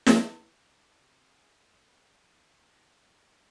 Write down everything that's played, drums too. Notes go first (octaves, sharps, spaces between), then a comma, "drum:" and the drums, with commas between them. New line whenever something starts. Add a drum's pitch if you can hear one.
drum: snare
D4
C3
G#4
A5 D#7
A#3 A#5